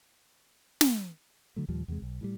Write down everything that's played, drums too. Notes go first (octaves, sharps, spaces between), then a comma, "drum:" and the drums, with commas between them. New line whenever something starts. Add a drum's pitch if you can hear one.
drum: snare
D3 F#3 A3
D#2 A#2 F3 G3
E2 C3 G3 G#3
B1
A2 F#3 G3